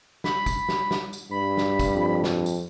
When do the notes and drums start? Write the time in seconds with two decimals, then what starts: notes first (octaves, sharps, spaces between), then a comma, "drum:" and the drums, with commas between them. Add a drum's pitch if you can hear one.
0.24 B5, drum: snare
0.46 drum: kick, tambourine
0.69 drum: snare
0.91 drum: snare
1.13 drum: tambourine
1.31 G2 B5
1.57 drum: snare
1.79 drum: kick, tambourine
1.94 F2
2.24 drum: snare
2.46 drum: tambourine